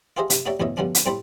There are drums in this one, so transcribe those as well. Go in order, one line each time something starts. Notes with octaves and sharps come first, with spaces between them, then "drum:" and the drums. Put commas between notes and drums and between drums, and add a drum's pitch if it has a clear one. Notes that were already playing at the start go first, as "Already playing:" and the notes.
F4 G4 G#4 C5 D#5 E5
C3, drum: hi-hat
D#4 F#4 G4 C#5 D5 E5
A1 D2 B2 C#5 D#5 E5
B2 D3 F3 G3 C#4 D4
drum: hi-hat
A2 G3 C4 A4 C5 B5